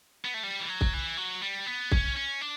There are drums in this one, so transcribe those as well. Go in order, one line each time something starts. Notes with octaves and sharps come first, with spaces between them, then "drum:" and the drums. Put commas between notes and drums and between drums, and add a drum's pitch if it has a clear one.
B3
A3
G3
E3
F#3
drum: kick
E3
F#3
G3
B3
C#4, drum: kick
C#4
D4